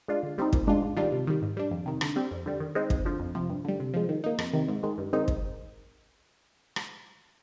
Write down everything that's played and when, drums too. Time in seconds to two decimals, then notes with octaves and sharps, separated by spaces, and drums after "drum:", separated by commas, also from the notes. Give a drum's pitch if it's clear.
0.08 G#3 D4 F4
0.23 D3
0.38 G3 C4 D#4
0.53 A#2, drum: kick
0.67 G#3 D4 F4
0.82 G#2
0.96 D#3 G3 D4 F4
1.12 C3
1.27 D#3 G3
1.42 G#2
1.57 G3 D4
1.71 F2
1.86 C3 D#3
2.01 D3, drum: rim click
2.16 G3 C4
2.31 F2
2.46 D3 G3
2.60 D#3
2.75 G#3 C4 D#4
2.90 F2, drum: kick
3.05 D3 F3
3.19 F2
3.35 C3 F3
3.50 G2
3.65 D3 G3
3.80 C3
3.94 F3 G#3
4.09 D#3
4.24 A#3 D#4
4.39 F2, drum: rim click
4.53 C3 D#3
4.68 G#2
4.83 D#3 G#3
4.98 G2
5.13 D#3 G#3 C4 D#4
5.28 drum: kick
6.76 drum: rim click